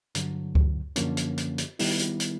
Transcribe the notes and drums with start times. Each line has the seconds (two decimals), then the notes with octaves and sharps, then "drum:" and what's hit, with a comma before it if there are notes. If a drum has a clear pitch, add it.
0.15 G2 D3 F#3, drum: hi-hat
0.55 drum: kick C#2
0.96 F#2 D3 F3 A#3 C#4, drum: hi-hat
1.17 drum: hi-hat
1.38 drum: hi-hat
1.58 drum: hi-hat
1.79 D#3 G3 B3 E4, drum: open hi-hat
1.99 drum: hi-hat
2.20 drum: hi-hat